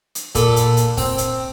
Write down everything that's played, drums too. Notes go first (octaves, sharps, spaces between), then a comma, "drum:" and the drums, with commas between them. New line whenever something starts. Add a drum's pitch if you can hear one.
drum: hi-hat
A#2 A4 B5, drum: kick, hi-hat
drum: hi-hat
drum: hi-hat
C4, drum: kick, open hi-hat
drum: hi-hat